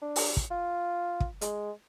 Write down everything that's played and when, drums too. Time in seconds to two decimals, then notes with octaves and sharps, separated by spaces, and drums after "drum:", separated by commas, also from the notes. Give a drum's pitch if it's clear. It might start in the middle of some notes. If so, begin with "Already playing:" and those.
0.02 D4
0.16 drum: open hi-hat
0.37 drum: kick
0.51 F4
1.20 drum: kick
1.41 G#3, drum: hi-hat